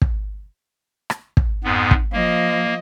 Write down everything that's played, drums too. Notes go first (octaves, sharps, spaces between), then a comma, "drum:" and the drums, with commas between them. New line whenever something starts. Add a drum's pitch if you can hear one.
drum: kick
drum: rim click
drum: kick
F2 G#2 B3
drum: kick
F3 A#3 D#5